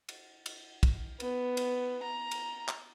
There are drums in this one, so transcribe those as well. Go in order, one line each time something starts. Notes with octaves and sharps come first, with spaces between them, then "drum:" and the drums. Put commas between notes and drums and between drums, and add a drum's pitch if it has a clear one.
drum: cymbal
drum: cymbal
drum: kick, cymbal
B3, drum: cymbal
drum: cymbal
A#5
drum: cymbal
drum: clap